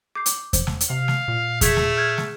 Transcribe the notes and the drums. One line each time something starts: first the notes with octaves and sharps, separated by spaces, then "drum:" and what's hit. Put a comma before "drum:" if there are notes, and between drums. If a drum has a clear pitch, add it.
D6 G6 C7
drum: hi-hat
C5, drum: kick E2, hi-hat
drum: snare
drum: hi-hat
C3 F5
drum: snare
A#2
A3 G#4 G#6 B6, drum: kick E2, hi-hat
drum: snare
F6 G6 G#6
drum: snare